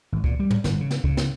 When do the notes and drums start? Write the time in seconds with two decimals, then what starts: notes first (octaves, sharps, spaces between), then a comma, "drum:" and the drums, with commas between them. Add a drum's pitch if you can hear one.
0.12 G#1
0.24 A#2, drum: kick C#2
0.40 G3
0.50 drum: tom
0.64 G1, drum: snare
0.81 C#3
0.91 drum: snare
1.04 C#3, drum: kick C#2
1.17 drum: snare